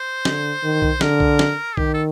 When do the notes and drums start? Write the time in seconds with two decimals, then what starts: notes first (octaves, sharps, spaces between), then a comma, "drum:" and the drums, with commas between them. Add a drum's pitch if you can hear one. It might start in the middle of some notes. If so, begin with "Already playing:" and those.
Already playing: C5
0.25 D3, drum: snare
0.64 D#3
0.82 drum: kick B1
1.01 D3 A#4, drum: snare
1.20 drum: kick B1
1.39 drum: snare
1.77 D#3 G4, drum: kick B1
1.94 A4